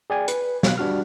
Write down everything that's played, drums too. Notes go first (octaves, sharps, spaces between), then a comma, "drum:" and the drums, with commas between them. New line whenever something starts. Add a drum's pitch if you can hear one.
G#4 D5 G5 G#5
B4, drum: hi-hat
B2 F#3 F5 F#6, drum: snare
G3 D4 F#4 F6